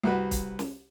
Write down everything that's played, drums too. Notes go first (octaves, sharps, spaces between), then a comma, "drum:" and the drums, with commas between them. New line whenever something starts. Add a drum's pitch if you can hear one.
C2 F#4 B4
drum: kick, hi-hat
drum: snare